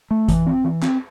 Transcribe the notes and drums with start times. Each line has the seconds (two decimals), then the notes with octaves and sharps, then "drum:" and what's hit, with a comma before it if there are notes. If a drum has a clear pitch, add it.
0.11 A3
0.28 E3, drum: kick G#1, hi-hat
0.47 C4
0.64 E3
0.82 C4, drum: clap